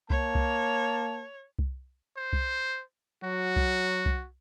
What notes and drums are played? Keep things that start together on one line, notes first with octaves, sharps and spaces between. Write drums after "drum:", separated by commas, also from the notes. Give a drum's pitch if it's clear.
A#3 C#5 A5, drum: kick C2
drum: kick C2
drum: kick C2
C5
drum: kick C2
F#3 F#4
drum: kick C2
drum: kick C2